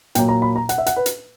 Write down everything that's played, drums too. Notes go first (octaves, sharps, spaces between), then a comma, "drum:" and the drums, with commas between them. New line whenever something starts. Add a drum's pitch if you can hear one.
A#2 F#3 A#3 G5, drum: hi-hat
A#5
B5
A#5
F#5, drum: hi-hat
E5
F#5, drum: hi-hat
B4
drum: hi-hat